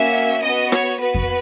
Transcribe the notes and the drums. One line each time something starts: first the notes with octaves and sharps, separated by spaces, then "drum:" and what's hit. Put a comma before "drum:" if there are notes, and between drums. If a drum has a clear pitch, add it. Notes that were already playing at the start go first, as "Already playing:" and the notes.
Already playing: A#3 C#4 F#4 E5
B3 F#4 D#5
C#5, drum: rim click
B3 F#4 B4
drum: kick F2